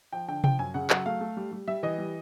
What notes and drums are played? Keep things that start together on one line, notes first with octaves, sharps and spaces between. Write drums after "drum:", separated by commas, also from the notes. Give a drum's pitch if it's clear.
F3 G5
D3 G5
F3 G5, drum: tom C3
F#2 G#5
C#3 F#5
F#3 F#5, drum: clap
A3 F5
A3
G3
G3
G3 E5
E3 D#5
G3